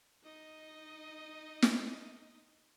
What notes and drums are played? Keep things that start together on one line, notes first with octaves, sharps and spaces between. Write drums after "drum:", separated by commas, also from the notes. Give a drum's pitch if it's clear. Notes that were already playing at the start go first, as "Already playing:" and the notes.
D#4 D#5
drum: snare